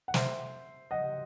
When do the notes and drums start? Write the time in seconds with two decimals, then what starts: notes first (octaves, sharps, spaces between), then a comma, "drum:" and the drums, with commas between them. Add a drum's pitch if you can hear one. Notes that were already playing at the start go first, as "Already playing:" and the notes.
0.08 F#5
0.14 C5 E5, drum: snare
0.91 D#5 F#5